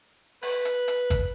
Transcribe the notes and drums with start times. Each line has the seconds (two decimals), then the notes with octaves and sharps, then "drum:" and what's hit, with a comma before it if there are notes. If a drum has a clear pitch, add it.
0.43 B4, drum: open hi-hat
0.65 drum: hi-hat
0.88 drum: hi-hat
1.10 drum: kick, hi-hat